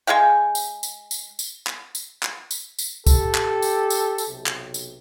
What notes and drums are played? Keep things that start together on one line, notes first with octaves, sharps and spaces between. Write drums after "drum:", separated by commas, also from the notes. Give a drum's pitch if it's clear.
G#3 G#4 F5 G5
drum: tambourine
drum: tambourine
drum: tambourine
drum: tambourine
drum: clap
drum: tambourine
drum: clap
drum: tambourine
drum: tambourine
G4 A4, drum: kick, tambourine
drum: clap
drum: tambourine
drum: tambourine
drum: tambourine
B1 C3
drum: clap
drum: tambourine